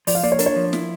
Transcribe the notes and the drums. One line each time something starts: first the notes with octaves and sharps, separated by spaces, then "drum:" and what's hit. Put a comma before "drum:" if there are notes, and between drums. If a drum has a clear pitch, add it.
F3 D5, drum: open hi-hat
F5
A#3 D5
C#5
D4 A#4, drum: hi-hat
C#5
F3
E4, drum: snare